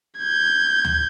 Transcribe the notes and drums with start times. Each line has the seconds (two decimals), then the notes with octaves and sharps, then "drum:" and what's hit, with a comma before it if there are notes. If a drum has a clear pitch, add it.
0.19 G6 G#6
0.84 drum: tom D2